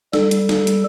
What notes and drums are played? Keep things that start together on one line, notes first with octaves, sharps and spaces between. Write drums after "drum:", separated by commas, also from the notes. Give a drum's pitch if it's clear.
G3 A4, drum: snare
drum: hi-hat
drum: snare
drum: hi-hat